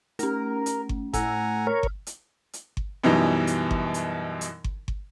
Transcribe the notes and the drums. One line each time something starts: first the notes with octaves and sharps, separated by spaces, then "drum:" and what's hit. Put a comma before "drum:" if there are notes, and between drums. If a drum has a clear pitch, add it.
A3 C#4 A#4, drum: hi-hat
drum: hi-hat
drum: kick G1
A2 F#5 G#5 A#5 E6, drum: kick G1, hi-hat
A#4 C#5 F6
drum: kick G1
drum: hi-hat
drum: hi-hat
drum: kick G1
F#2 B2 E3 G3 D#4
drum: hi-hat
drum: kick G1
drum: hi-hat
drum: hi-hat
drum: kick G1
drum: kick G1